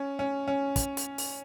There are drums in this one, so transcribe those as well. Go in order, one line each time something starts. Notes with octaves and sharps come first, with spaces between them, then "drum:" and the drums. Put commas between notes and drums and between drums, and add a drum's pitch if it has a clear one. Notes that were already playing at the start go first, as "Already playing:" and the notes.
Already playing: C#4
C#4
C#4
drum: kick, hi-hat
drum: hi-hat
drum: open hi-hat